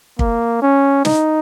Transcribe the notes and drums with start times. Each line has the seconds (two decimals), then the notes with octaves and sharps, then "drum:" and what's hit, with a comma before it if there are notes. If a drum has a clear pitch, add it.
0.19 A#3, drum: kick
0.62 C#4
1.05 D#4, drum: snare